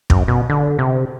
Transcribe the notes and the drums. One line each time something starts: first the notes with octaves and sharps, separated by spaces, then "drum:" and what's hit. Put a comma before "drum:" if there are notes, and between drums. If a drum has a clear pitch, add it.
F#2, drum: kick
B2
D3
C3